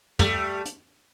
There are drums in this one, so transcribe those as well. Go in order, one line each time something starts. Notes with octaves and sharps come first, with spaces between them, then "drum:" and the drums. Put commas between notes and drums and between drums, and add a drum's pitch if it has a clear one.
G3 A3, drum: tom
drum: hi-hat